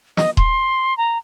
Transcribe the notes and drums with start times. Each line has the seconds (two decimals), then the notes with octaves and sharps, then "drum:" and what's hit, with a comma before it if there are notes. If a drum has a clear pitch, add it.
0.17 D#5, drum: snare
0.37 C6, drum: kick D#1
0.98 A#5